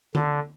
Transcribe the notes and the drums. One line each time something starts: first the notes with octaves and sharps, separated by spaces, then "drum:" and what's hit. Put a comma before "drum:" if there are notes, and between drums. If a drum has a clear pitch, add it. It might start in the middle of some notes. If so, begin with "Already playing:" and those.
D3, drum: tom D3